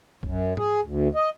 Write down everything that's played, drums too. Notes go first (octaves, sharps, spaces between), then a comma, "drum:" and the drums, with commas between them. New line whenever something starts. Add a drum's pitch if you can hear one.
F#2, drum: kick
G#4, drum: tom G#2
D2
D#5